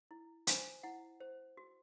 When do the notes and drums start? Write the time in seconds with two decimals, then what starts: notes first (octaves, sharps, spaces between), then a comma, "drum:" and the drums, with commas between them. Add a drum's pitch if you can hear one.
0.11 E4
0.47 C5 G#5, drum: hi-hat
0.83 E4 F#5
1.20 C5
1.57 F#4